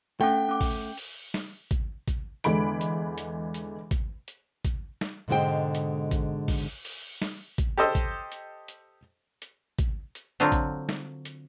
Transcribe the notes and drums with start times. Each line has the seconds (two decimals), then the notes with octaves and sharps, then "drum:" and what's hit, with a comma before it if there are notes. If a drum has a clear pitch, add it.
0.21 A3 C#4 F#5 G5
0.49 C#4 D6
0.61 drum: kick, open hi-hat
0.97 drum: open hi-hat
1.34 drum: snare
1.71 drum: kick, hi-hat
2.08 drum: kick, hi-hat
2.44 E2 D3 G#3 B5 D7, drum: hi-hat
2.81 drum: hi-hat
3.18 drum: hi-hat
3.54 drum: hi-hat
3.91 drum: kick, hi-hat
4.28 drum: hi-hat
4.65 drum: kick, hi-hat
5.01 drum: snare
5.28 G#2 B2 D3 G#3 C5 G5
5.75 drum: hi-hat
6.11 drum: kick, hi-hat
6.48 drum: kick, open hi-hat
6.85 drum: open hi-hat
7.22 drum: snare
7.58 drum: kick, hi-hat
7.78 G4 A4 C5 D#5 E6
7.95 drum: kick, hi-hat
8.32 drum: hi-hat
8.68 drum: hi-hat
9.42 drum: hi-hat
9.79 drum: kick, hi-hat
10.15 drum: hi-hat
10.40 D3 F#3 C4 F4
10.52 drum: kick, hi-hat
10.89 drum: snare
11.25 drum: hi-hat